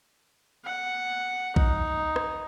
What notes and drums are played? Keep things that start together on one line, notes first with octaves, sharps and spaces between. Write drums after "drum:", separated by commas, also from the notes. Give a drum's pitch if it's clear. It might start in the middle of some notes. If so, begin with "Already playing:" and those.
F#5
D#4, drum: kick A#1
drum: rim click